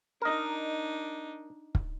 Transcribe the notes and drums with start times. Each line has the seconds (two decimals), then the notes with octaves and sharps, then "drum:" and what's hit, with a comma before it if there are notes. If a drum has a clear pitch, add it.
0.22 D4 D#4 A#4 D#5
1.75 drum: kick